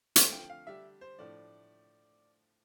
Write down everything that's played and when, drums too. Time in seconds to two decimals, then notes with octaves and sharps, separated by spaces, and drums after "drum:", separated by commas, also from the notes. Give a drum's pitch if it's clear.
0.16 D3 F3 A3 C4 F4 E5, drum: hi-hat
0.32 G5
0.49 F5
0.67 D3 G3 D4 G4 E5
1.01 C5
1.19 A2 F3 A3 D4 D5